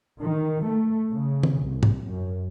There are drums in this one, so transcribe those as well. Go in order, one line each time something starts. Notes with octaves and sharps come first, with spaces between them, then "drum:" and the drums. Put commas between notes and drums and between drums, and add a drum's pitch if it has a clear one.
D#3
A3
C#3
drum: tom
C2
drum: tom
F#2